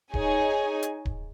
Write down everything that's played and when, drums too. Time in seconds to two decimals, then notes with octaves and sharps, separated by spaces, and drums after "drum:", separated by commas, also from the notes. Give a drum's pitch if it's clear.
0.14 D#4 G#4 C#5 G#5, drum: kick D1
0.82 drum: hi-hat
1.05 drum: kick D1